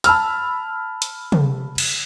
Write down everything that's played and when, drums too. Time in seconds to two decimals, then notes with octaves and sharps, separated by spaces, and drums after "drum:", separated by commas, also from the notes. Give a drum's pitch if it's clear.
0.04 A5 B5 E6 F6, drum: hi-hat
1.02 drum: hi-hat
1.32 drum: tom
1.78 drum: cymbal